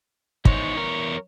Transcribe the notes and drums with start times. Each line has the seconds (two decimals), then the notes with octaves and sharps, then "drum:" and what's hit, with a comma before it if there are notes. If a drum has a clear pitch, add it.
0.45 E2 D#4 C5 C#5, drum: kick
0.77 A#4